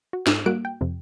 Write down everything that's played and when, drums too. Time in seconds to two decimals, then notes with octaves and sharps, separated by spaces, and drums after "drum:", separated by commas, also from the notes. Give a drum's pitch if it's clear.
0.13 F#4
0.27 G#2, drum: snare
0.46 G3 A#3 F#4 F#6 D7
0.65 G5
0.81 F2 C3